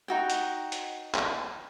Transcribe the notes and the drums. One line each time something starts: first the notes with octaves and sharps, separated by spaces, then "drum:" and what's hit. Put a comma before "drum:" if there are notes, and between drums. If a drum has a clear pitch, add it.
D#4 F#4 G5
drum: hi-hat
drum: hi-hat
drum: clap